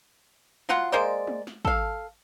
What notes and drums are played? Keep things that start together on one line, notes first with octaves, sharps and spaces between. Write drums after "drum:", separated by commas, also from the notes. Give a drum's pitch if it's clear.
F#3 F4 F#5 C6, drum: snare
G#3 A#3 C5 D5
drum: tom
drum: snare
A4 F5, drum: kick